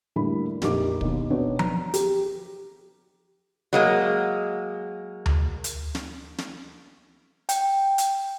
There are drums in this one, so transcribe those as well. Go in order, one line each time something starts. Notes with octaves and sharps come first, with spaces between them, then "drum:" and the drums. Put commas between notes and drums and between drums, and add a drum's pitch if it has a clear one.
A2 D3 G3 A#3 D4 B5
A#1 F2 D#4 G4 A#4 D6, drum: snare
D#2 B2, drum: kick
B3 C4 D4 D#4 F#4 C#5
A#5, drum: tom F3
G4, drum: hi-hat
F#3 G#3 A#3
drum: tom D2
drum: hi-hat
drum: snare
drum: snare
G5, drum: hi-hat
drum: hi-hat